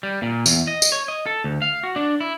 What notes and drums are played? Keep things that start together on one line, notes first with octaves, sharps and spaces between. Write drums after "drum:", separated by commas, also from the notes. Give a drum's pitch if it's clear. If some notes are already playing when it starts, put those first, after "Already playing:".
G3
A#2
E2, drum: tambourine
D#5
drum: tambourine
C#5
D#5
A4
D2
F5
F#4
D4
E4